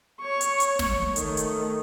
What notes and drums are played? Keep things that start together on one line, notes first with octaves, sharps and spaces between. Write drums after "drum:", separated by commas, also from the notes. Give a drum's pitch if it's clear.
C#5 C#6
drum: hi-hat
drum: hi-hat
drum: snare
D#3 A3, drum: hi-hat
drum: hi-hat